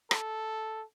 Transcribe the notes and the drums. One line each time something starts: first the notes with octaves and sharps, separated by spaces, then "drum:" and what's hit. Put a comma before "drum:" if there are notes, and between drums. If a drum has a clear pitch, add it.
A4, drum: rim click